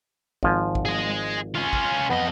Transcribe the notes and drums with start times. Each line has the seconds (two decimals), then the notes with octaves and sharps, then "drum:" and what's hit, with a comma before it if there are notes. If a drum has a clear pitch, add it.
0.43 G#1 F3 G#5, drum: kick
0.75 drum: kick
0.85 G#4 D#5
1.55 C#4 F4
1.73 drum: kick
2.10 F2 B3 D#5